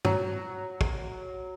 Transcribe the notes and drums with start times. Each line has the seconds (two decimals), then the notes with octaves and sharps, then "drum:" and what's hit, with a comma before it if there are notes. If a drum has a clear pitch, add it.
0.05 F#3, drum: tom G2
0.81 drum: kick